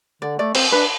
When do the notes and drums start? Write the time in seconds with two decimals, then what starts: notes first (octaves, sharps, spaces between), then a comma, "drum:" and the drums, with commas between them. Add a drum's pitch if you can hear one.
0.22 D3 D5
0.39 A3 D5
0.55 C4 C5, drum: cymbal
0.72 D4 B4